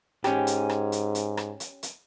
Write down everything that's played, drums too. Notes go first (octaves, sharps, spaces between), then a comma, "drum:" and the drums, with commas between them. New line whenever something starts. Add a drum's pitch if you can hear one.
G#2 C#4 G4, drum: rim click
drum: hi-hat
drum: rim click
drum: hi-hat
drum: hi-hat
drum: rim click
drum: hi-hat
drum: hi-hat